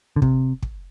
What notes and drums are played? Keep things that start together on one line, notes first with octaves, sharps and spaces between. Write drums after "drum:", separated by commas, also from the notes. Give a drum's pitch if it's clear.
D3
C3, drum: kick
drum: kick